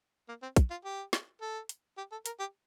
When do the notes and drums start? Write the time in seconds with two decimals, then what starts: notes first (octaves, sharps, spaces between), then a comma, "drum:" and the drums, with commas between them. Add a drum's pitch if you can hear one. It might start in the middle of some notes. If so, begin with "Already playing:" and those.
0.28 A#3
0.42 C4
0.56 drum: kick, hi-hat
0.70 F4
0.85 G4
1.13 drum: snare
1.42 A4
1.69 drum: hi-hat
1.97 G4
2.11 A4
2.26 A#4, drum: hi-hat
2.39 G4